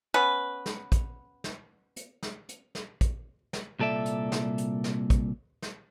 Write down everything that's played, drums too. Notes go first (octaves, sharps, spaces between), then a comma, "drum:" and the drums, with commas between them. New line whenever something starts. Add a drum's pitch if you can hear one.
B3 C#4 B4
drum: snare
drum: kick, hi-hat
drum: snare
drum: hi-hat
drum: snare
drum: hi-hat
drum: snare
drum: kick, hi-hat
drum: snare
C2 A#2 A4 D5 E5
drum: hi-hat
drum: snare
drum: hi-hat
drum: snare
drum: kick, hi-hat
drum: snare